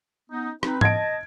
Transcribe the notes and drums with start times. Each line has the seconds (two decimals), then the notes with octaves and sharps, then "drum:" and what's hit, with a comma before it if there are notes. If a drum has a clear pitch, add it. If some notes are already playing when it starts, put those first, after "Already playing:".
0.30 B3 C#4 D#4
0.63 C4 D#4 B4, drum: rim click
0.81 D#5 A5 G#6 D7, drum: tom G#2